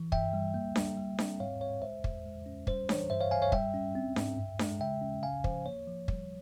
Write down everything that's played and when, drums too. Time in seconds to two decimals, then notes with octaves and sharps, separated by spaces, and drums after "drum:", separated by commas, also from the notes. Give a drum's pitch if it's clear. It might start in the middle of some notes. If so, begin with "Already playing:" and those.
Already playing: E3
0.12 G2 E5 G5, drum: kick
0.33 G3
0.54 A#3
0.76 G3, drum: snare D4
0.97 G3
1.19 C4, drum: snare D4
1.40 G#2 C#5 F5
1.61 G#2 C#5 F5
1.82 G#3 C5 E5
2.04 E2, drum: kick
2.26 G#3
2.46 C#4
2.67 G3 C5, drum: kick
2.89 E3 C#5, drum: snare D4
3.10 G2 C5 E5
3.21 C#5 F5
3.31 G2 F5 G#5
3.42 C#5 F5
3.52 G3 E5 G5, drum: kick
3.74 C#4
3.95 C4
4.16 G#2, drum: snare D4
4.38 G2
4.59 G#3, drum: snare D4
4.81 C#3 E5 G5
5.01 C#4
5.23 C#3 F5 G#5
5.44 F3 C5, drum: kick
5.66 A#3 C#5
5.87 F3
6.08 G3, drum: kick